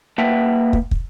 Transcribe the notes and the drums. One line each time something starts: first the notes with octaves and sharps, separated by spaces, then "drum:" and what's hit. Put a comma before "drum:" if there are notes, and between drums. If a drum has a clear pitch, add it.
A#3 B4 E5 F#5 G5 A5
drum: kick
drum: kick